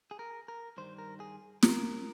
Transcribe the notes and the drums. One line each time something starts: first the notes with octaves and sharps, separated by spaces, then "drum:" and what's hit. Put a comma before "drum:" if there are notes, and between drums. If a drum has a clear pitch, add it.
G#4
A#4
A#4
G2 D#3 G3 C5
A#4
G#4
A#4, drum: snare